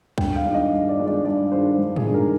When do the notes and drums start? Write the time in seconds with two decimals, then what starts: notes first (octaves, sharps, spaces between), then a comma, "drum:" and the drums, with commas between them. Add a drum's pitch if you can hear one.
0.18 G2 G5, drum: kick
0.36 F5
0.45 D#3 G#3 D4 F4
0.54 D#5
0.72 G2
0.89 D5
0.98 D#3 G#3 D4 F4
1.07 D5
1.25 G2 D5
1.52 D#3 G#3 D4 F4 C5
1.78 G2
1.96 G#4, drum: tom
2.05 D#3 G#3 D4 F4
2.14 A#4